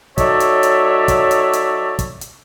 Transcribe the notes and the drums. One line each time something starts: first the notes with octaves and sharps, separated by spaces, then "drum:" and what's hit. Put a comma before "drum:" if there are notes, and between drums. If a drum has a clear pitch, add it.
F#3 D#4 A4 C#5 D5 E5, drum: kick, hi-hat
drum: hi-hat
drum: hi-hat
drum: kick, hi-hat
drum: hi-hat
drum: hi-hat
drum: kick, hi-hat
drum: hi-hat